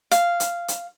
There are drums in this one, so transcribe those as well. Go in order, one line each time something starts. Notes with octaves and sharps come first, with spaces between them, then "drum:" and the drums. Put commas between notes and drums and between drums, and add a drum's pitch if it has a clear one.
F5, drum: hi-hat
drum: hi-hat
drum: hi-hat